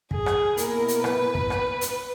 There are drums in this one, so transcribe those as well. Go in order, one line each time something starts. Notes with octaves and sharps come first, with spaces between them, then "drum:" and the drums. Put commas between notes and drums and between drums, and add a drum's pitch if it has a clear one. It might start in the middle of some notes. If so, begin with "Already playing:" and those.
G#4, drum: kick
drum: rim click
B2 A#3 E4 A#4, drum: hi-hat
drum: hi-hat
B4, drum: rim click
drum: kick
drum: rim click
drum: hi-hat